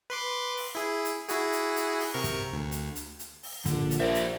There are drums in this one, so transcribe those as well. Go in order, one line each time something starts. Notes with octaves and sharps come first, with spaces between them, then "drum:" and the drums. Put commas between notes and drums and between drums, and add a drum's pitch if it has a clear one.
B4 C6 D6
drum: open hi-hat
E4 G#4
drum: hi-hat
E4 F#4 G#4, drum: hi-hat
drum: hi-hat
drum: hi-hat
drum: open hi-hat
C3 A#4 C#6
drum: kick, hi-hat
D2
drum: hi-hat
drum: hi-hat
drum: hi-hat
drum: open hi-hat
A#1 D3, drum: kick, hi-hat
drum: hi-hat
G4 A#4 C5 D5 E5
drum: hi-hat